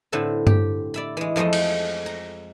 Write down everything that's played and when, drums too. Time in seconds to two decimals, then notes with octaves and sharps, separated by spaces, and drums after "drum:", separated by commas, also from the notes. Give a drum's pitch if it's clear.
0.12 A2 D3 C4 B4 E5
0.47 G4, drum: tom G2
0.94 D5 E5 B5
1.17 E3 G#3
1.36 F2 F3 G#3 A3 D#5
1.53 drum: cymbal
2.06 A#5